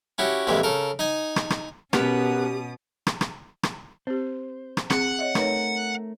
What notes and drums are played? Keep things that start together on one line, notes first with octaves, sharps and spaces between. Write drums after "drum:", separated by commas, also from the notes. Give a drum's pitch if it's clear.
C#4 E4 F#4 G4
A#1 F2 E3 G#3 G4
C#3 A4 A#4
D#4 D#5 G#5
drum: rim click
drum: rim click
B2 B3 C#4 G4 A#4 B4 D#6, drum: rim click
drum: rim click
drum: rim click
drum: rim click
C4 G4 C5
drum: rim click
C4 G#4 F#5, drum: rim click
C#5 D#5 E5
A3 D#4 A#4 B4 C#5, drum: rim click